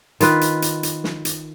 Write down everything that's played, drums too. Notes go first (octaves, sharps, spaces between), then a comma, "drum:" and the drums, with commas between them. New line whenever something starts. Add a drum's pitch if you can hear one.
D#3 F4 B4, drum: hi-hat
drum: hi-hat
drum: hi-hat
drum: hi-hat
drum: snare
drum: hi-hat